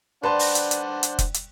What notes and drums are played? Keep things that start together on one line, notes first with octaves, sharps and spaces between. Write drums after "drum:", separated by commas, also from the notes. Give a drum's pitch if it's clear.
G3 D4 B4 C5 F#5 A5 C6
drum: open hi-hat
drum: hi-hat
drum: hi-hat
drum: hi-hat
drum: kick F1, hi-hat
drum: hi-hat